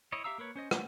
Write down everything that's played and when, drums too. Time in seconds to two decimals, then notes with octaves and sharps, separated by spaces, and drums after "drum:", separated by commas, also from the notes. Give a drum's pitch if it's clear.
0.12 E4 C#5 D#5
0.24 G4 E5 F5 A#5 E6
0.38 A#3 A#4 B4 C#5
0.56 C#4 C5 D#5
0.71 G3 A3 D4 F4 F#4, drum: rim click